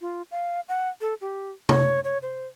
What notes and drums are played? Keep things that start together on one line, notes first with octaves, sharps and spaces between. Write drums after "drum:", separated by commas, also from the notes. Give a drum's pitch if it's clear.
F4
F5
F#5
A4
G4
C#5, drum: tom C3
C#5
C5